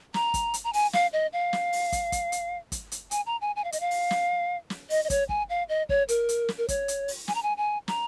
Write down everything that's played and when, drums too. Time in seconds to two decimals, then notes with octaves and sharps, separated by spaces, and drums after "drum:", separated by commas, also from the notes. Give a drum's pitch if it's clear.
0.14 A#5, drum: snare
0.34 drum: kick, hi-hat
0.54 drum: hi-hat
0.64 A#5
0.73 G#5, drum: open hi-hat
0.93 F5, drum: snare
1.13 D#5
1.33 F5
1.53 drum: snare
1.73 drum: open hi-hat
1.92 drum: kick, hi-hat
2.12 drum: kick, hi-hat
2.32 drum: hi-hat
2.72 drum: kick, hi-hat
2.92 drum: hi-hat
3.11 G#5, drum: hi-hat
3.26 A#5
3.41 G#5
3.56 G#5
3.64 F5
3.72 D#5, drum: hi-hat
3.80 F5
3.91 drum: open hi-hat
4.11 drum: snare
4.70 drum: snare
4.90 D#5, drum: open hi-hat
5.04 D#5
5.10 C#5, drum: kick, hi-hat
5.29 G#5, drum: kick
5.49 F5
5.69 D#5
5.89 C#5, drum: kick
6.09 A#4, drum: hi-hat
6.29 drum: hi-hat
6.48 drum: snare
6.58 A#4
6.68 C#5, drum: kick, hi-hat
6.88 drum: hi-hat
7.08 drum: open hi-hat
7.28 G#5, drum: snare
7.35 A#5
7.43 G#5
7.57 G#5
7.88 A#5, drum: snare